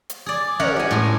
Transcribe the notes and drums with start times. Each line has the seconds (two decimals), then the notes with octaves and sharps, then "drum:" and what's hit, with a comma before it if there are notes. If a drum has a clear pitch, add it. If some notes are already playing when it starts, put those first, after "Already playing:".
0.09 drum: hi-hat
0.26 G#4 D5
0.60 C#4 A#4 C#5 F#5, drum: tom
0.76 G3 G#5
0.91 A2 G#3 G#5